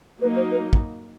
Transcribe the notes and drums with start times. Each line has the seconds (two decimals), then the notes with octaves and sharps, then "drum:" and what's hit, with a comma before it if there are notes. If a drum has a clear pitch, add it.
0.21 F#3 A#3 D#4 B4
0.36 C5
0.51 B4
0.73 drum: kick